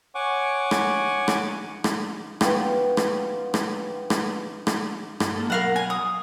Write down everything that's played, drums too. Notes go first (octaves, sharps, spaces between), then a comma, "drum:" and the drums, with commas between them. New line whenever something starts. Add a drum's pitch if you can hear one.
C#5 F#5 G#5 C#6 D6
drum: rim click
drum: rim click
drum: rim click
B3 F4 C#5 G5, drum: rim click
drum: rim click
drum: rim click
drum: rim click
drum: rim click
G2, drum: rim click
A#3 A4
B1 F#3 A#4 F5 F#5 B5
G#5
D#6